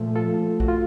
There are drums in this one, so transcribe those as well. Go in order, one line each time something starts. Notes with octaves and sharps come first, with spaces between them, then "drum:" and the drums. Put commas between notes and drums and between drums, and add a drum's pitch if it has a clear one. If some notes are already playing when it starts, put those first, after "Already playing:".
Already playing: A#2 F3 A3 A4
F4 A4
F#4, drum: kick A#1
F4